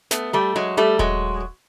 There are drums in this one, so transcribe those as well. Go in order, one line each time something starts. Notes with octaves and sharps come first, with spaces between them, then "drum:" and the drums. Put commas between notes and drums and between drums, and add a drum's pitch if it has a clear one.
A3 B3, drum: snare
G3 A3
F#3 G#3
G3 A3
F#3 G#3, drum: kick D#1